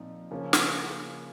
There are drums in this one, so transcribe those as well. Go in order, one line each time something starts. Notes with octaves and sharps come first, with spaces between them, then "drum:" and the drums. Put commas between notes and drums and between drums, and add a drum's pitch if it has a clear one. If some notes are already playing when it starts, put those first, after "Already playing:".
Already playing: A#2 F3 C4 D#4
C#3 F3 A#3 C#4
drum: snare